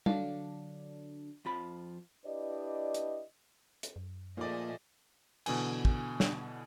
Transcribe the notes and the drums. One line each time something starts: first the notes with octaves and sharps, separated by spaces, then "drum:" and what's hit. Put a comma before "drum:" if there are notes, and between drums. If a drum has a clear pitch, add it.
D3 F#3 D4 F5, drum: tom G3
F2 F3 B5
D4 E4 G4 B4 D5 D#5
drum: hi-hat
drum: hi-hat
F#2
A#2 F3 A3 G#4 D5 D#5
B2 D3 E3 G#5, drum: cymbal
drum: kick
drum: snare